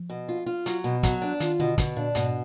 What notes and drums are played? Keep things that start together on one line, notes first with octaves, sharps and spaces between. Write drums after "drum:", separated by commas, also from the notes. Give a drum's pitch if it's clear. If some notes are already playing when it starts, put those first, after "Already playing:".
Already playing: F3
B2
F4
F4
F#3, drum: hi-hat
B2
F#3, drum: kick, hi-hat
D4
D#3 F4, drum: hi-hat
B2 D3
B2 D3, drum: kick, hi-hat
A#2 D4
G#2 B2, drum: hi-hat